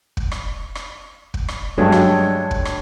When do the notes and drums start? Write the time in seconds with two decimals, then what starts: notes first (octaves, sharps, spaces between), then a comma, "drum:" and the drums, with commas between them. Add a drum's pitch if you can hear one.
0.17 drum: kick
0.32 drum: rim click
0.75 drum: rim click
1.34 drum: kick
1.48 drum: rim click
1.78 G2 F#3 G#3 D4 A4 C#5
1.92 drum: rim click
2.51 drum: kick
2.65 drum: rim click